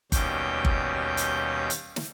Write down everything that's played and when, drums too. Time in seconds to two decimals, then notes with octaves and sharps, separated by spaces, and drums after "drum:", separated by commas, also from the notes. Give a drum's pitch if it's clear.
0.12 D#2 B2 G3 C#4 G5 G6, drum: kick G1, hi-hat
0.65 drum: kick G1
1.17 drum: hi-hat
1.70 drum: hi-hat
1.96 drum: snare